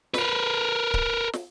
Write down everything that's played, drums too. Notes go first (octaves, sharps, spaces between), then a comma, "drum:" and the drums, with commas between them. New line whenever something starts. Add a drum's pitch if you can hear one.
A#4 B4, drum: snare
drum: kick C#1
drum: snare